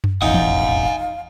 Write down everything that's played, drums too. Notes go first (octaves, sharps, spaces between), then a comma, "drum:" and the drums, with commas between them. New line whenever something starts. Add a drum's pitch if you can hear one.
drum: tom F#2
E1 A1 F2 D#4 F5 F#5 G#5
drum: tom E3